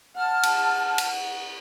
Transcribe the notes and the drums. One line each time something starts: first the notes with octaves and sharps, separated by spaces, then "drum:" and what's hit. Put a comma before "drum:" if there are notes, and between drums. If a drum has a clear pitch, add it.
F#5 A5 F6
drum: cymbal
drum: cymbal